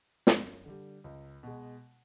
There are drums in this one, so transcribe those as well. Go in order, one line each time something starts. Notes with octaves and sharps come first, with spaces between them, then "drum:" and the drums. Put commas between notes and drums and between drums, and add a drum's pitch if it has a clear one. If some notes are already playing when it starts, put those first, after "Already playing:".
F#2, drum: snare
D3 G3
C#2
B2 G#3